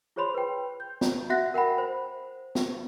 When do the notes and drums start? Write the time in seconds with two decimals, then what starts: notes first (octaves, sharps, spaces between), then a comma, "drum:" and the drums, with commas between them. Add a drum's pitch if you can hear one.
0.16 F4 G#4 C5 C#5 B5 C6
0.34 B4 G5
0.80 G6
1.01 drum: snare
1.30 F#4 E5 F#5 F#6 A#6
1.54 A#4 F#5 G5 B5
1.78 C5
2.55 drum: snare